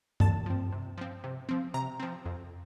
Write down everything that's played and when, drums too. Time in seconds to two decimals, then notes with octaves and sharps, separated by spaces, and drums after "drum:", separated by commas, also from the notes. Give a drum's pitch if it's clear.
0.20 C3 A5, drum: tom G2
0.46 F3 C4
0.72 C3
0.98 F3 C4
1.24 C3
1.49 F3 C4
1.74 C3 A#5
2.00 F3 C4
2.25 F2